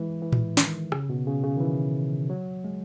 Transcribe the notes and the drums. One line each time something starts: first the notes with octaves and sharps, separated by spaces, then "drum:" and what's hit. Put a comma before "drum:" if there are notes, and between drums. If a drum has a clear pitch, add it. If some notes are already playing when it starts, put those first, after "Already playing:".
Already playing: E3 G#3
E3
drum: tom A2
D#3, drum: snare
C#3, drum: rim click
B2
C#3
C#3
D#3
E3
F#3
G#3